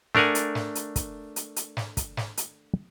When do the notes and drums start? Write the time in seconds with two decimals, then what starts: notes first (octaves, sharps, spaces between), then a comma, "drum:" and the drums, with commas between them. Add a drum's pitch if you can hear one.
0.15 A3 D4 A#4 F#5 G#5, drum: snare
0.35 drum: hi-hat
0.55 drum: snare
0.75 drum: hi-hat
0.96 drum: kick, hi-hat
1.36 drum: hi-hat
1.56 drum: hi-hat
1.77 drum: snare
1.97 drum: kick, hi-hat
2.17 drum: snare
2.37 drum: hi-hat